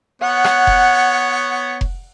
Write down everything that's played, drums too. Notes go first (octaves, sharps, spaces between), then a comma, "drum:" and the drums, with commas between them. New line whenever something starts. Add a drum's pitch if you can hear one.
B3 C#5 F#5
drum: rim click
drum: kick F1
drum: kick F1